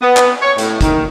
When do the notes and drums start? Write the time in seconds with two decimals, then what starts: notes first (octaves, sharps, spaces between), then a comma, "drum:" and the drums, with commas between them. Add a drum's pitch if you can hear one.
0.02 B3
0.17 drum: clap
0.42 C#5
0.58 A2, drum: hi-hat
0.81 D#3, drum: kick, hi-hat